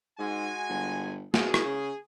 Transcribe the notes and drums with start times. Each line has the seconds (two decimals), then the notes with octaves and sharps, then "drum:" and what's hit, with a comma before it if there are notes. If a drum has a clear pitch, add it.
0.19 G#2 G#3 F#4 G#5
0.69 G1
1.34 B2 G#4, drum: snare
1.54 drum: rim click
1.65 C#3